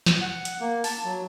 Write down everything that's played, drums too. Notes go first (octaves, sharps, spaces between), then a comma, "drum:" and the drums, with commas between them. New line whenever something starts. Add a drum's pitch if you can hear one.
drum: snare
F#5
drum: hi-hat
A#3
A5, drum: open hi-hat
F#3